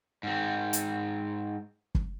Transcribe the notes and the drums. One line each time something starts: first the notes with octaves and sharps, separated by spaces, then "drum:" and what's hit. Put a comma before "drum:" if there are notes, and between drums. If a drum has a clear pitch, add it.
G#2 C4
drum: hi-hat
drum: kick